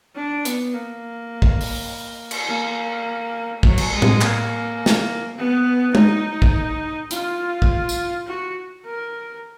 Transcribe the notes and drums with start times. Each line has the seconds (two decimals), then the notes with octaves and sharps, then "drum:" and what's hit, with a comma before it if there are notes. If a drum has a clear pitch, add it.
0.16 D4
0.45 B3, drum: hi-hat
0.74 A#3
1.42 drum: kick
1.61 drum: open hi-hat
2.31 drum: cymbal
2.47 A#3
3.63 F#3, drum: kick
3.78 drum: cymbal
3.93 G#3
4.02 drum: tom A2
4.21 A#3, drum: clap
4.86 drum: snare
5.37 B3
5.95 D#4, drum: tom G#3
6.42 drum: kick
7.11 F4, drum: hi-hat
7.62 drum: kick
7.89 drum: tambourine
8.27 F#4
8.85 A#4